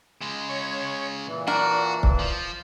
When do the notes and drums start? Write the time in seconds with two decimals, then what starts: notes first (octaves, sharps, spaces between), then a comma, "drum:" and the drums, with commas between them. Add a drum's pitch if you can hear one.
0.21 C#3 G#3
0.49 C#5 C#6
1.27 A#2 E3
1.47 D4 F#4 A#4
2.03 drum: kick C#1
2.19 F3